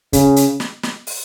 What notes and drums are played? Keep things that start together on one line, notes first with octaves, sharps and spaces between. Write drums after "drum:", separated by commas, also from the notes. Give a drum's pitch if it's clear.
C#3, drum: kick, hi-hat
drum: hi-hat
drum: snare
drum: snare
drum: open hi-hat